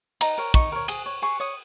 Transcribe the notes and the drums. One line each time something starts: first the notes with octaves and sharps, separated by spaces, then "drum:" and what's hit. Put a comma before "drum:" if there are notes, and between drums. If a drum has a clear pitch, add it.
D#4 A#5, drum: cymbal
A#4 C#5
D#4 C#6, drum: kick
A#4 C#5
G#4, drum: cymbal
C#5
G#4 C#6
C#5 D#6